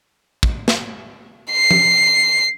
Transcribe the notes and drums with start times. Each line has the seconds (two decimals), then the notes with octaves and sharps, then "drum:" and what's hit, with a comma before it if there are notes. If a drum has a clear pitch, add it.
0.43 drum: kick
0.68 drum: snare
1.52 C7
1.71 drum: tom F3